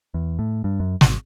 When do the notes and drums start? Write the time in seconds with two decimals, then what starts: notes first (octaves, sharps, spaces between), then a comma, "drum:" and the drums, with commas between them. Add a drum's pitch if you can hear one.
0.14 E2
0.39 A2
0.64 G2
0.80 F#2
1.01 G#1, drum: snare